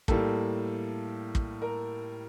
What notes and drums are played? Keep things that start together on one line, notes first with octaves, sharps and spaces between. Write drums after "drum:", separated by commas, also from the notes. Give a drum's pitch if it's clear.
A2 G3 A#3 A4, drum: kick
drum: kick
A#4